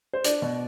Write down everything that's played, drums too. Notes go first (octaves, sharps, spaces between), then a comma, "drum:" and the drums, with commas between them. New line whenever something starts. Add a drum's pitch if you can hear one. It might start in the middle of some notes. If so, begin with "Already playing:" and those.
C5
D4 D5, drum: hi-hat
B2